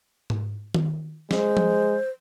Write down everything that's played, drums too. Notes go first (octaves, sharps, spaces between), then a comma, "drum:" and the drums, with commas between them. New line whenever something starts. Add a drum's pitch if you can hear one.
drum: tom G#2
drum: tom D#3
G#3 C5, drum: snare
drum: tom F3